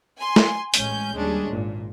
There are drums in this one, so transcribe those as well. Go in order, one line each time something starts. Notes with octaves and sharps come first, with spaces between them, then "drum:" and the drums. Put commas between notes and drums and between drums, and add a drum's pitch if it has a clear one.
G#5 C6
drum: snare
A1 G#3 C#4 G#5 G6, drum: hi-hat
D#2 G3 G#3 C#4 D4
G#1 A#2